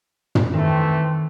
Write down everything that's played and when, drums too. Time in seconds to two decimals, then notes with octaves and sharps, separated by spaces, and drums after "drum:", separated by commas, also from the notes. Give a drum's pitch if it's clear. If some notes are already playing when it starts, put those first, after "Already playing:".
0.35 drum: tom
0.54 D#3 E3 A3 C4